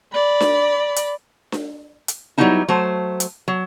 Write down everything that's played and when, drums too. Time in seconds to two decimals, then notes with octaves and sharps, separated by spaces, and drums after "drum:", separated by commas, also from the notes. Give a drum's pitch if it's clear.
0.13 D5 B5
0.40 drum: snare D4
0.96 drum: hi-hat
1.52 drum: snare D4
2.08 drum: hi-hat
2.38 F#3 G3 A#3 B3 D#4 E4
2.68 F#3 A3 C5
3.20 drum: hi-hat
3.48 F#3